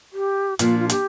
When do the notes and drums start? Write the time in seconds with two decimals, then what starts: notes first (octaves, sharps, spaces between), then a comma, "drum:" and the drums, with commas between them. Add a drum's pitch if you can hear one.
0.13 G4
0.59 A#2 F3 A#3 D4 F4, drum: hi-hat
0.79 F4
0.90 G4, drum: hi-hat